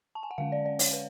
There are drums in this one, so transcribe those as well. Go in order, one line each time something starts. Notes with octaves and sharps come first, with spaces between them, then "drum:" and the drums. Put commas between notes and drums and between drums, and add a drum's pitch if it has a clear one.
A5
G#5
F#5
D3 G#3 C#4 F5
D5
D5
C#5, drum: open hi-hat
B4